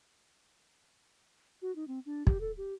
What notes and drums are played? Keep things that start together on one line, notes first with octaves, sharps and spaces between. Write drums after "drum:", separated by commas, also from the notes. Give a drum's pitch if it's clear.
F#4
D#4
C4
D4
G4, drum: kick
A4
G4